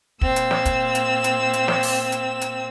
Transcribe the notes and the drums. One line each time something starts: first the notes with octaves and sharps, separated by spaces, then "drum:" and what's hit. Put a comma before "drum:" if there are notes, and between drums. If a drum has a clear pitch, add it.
A#2 C4 E6, drum: kick
drum: hi-hat
drum: snare
drum: kick, hi-hat
drum: hi-hat
drum: hi-hat
drum: hi-hat
drum: snare
drum: open hi-hat
drum: hi-hat
drum: hi-hat